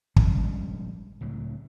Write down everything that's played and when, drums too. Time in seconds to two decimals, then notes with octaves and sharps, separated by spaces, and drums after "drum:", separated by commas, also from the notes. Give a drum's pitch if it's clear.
0.16 A#1 G3 G#3 C#4, drum: kick
1.21 C#2 A2 F#3